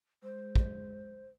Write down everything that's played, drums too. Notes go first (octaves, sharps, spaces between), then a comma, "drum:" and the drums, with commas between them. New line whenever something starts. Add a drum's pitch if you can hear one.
G#3 C5
drum: kick